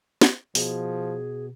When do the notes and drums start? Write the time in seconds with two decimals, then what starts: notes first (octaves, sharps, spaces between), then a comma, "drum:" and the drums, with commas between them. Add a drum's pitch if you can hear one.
0.22 drum: snare
0.55 B2 F3 G#4, drum: open hi-hat